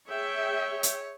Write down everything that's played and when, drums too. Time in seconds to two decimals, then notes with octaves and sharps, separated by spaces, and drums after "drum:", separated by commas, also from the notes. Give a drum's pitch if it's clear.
0.10 G#4 C#5 E5 G5
0.83 drum: hi-hat